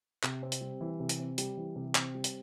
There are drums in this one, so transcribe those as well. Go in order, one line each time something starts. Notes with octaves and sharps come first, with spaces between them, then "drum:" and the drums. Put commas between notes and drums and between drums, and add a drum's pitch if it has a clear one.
C3, drum: clap
C4
drum: hi-hat
G3
E3
C3
drum: hi-hat
C4
G3, drum: hi-hat
E3
C3
C4, drum: clap
G3
drum: hi-hat